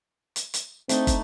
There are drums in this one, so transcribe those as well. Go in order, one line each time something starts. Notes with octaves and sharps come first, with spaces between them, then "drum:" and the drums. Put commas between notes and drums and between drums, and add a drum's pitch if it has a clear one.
drum: hi-hat
drum: hi-hat
A3 C4 D4 D#4, drum: hi-hat
drum: kick, hi-hat